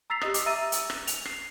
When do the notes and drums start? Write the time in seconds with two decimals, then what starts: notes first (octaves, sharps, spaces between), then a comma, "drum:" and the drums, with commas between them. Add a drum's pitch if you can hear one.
0.10 A#5 E6 A6 B6 C7 F7
0.21 G4 D#5 D#6, drum: rim click
0.34 D6, drum: hi-hat
0.46 E5 A#5 E6 A6 D#7
0.72 drum: hi-hat
0.90 drum: rim click
1.07 F7, drum: hi-hat
1.25 C7, drum: rim click